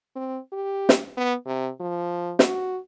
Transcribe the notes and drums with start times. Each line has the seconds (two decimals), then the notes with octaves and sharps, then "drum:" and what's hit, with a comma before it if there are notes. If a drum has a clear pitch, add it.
0.16 C4
0.52 G4
0.89 drum: snare
1.17 B3
1.46 C3
1.80 F3
2.39 F#4, drum: snare